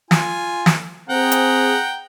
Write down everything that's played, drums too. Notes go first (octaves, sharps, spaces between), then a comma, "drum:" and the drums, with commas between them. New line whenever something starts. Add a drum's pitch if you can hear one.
F4 G#5, drum: snare
drum: snare
C4 G#4 F#5 G5 A#5
drum: hi-hat